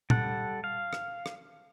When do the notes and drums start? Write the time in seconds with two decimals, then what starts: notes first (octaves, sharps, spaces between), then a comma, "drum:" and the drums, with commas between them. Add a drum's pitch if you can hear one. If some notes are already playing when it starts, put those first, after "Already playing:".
0.10 G3 A4 F#5, drum: tom A#2
0.64 F5
0.93 drum: rim click
1.26 drum: rim click